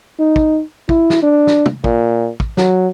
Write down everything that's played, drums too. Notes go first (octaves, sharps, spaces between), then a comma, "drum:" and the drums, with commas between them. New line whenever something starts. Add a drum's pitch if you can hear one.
D#4
drum: kick
E4, drum: kick
drum: snare
D4
drum: snare
drum: tom
A#2, drum: kick
drum: kick
F#3, drum: snare